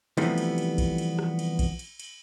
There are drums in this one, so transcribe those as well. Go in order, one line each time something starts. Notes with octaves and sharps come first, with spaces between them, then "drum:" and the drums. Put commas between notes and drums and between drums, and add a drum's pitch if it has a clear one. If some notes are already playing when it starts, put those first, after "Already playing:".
C3 E3 F3 G3 A3 B3, drum: cymbal
drum: cymbal
drum: cymbal
drum: kick A#1, cymbal
drum: cymbal
drum: rim click
drum: cymbal
drum: kick A#1, cymbal
drum: cymbal
drum: cymbal